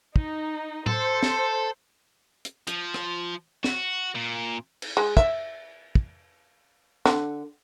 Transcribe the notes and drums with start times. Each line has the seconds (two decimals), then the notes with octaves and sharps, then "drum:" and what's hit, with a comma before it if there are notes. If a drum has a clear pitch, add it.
0.16 D#4, drum: kick
0.86 A4 C5, drum: tom A2
1.23 drum: snare
2.45 drum: hi-hat
2.67 F3, drum: hi-hat
2.94 drum: rim click
3.64 F#4, drum: snare
4.15 A#2
4.82 drum: cymbal
4.97 G#3
5.17 E5, drum: kick
5.95 drum: kick
7.05 D3, drum: snare